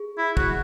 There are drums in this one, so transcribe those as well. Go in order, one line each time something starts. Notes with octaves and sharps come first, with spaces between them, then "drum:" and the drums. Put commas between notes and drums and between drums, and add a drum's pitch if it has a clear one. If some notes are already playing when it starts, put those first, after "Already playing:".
Already playing: G#4
E4
F#4, drum: kick